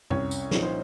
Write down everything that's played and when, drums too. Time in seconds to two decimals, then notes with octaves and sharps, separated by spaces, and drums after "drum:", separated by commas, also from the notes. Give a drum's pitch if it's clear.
0.10 C2 C#4 C#5, drum: tom F2
0.31 drum: tambourine
0.51 A#2 F3 C4 D#4 C#5, drum: snare
0.63 C5